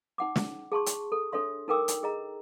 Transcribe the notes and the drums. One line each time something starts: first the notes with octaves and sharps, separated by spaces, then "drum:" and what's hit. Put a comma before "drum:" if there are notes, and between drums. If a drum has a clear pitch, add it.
D#4 F#5 D6
drum: snare
G#4 A5 C6 C#6
drum: hi-hat
A4
D4 A4 C#5 E5 C6
D#4 A4 A#4 G5 D6 E6
drum: hi-hat
G#4 D#5 A#5